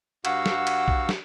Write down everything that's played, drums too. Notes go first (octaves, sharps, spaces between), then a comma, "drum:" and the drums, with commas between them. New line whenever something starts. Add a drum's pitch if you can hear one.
G2 F#4 F5 F#5 E6, drum: cymbal
drum: snare
drum: cymbal
drum: kick B1
drum: snare